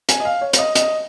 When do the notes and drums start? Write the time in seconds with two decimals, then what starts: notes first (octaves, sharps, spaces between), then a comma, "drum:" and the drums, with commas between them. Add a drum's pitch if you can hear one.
0.09 G#5, drum: hi-hat
0.20 D#5
0.25 F5
0.41 C#5
0.53 F5, drum: hi-hat
0.58 D#5
0.75 D#5, drum: hi-hat